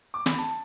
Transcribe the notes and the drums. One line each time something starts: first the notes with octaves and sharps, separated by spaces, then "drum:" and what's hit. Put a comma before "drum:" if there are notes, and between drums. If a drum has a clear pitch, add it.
D6
B5, drum: snare
A5